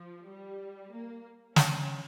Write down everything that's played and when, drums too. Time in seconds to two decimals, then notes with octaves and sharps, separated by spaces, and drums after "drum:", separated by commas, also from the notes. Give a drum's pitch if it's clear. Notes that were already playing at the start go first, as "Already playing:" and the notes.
Already playing: F3
0.27 G3
0.92 A#3
1.56 C#4, drum: snare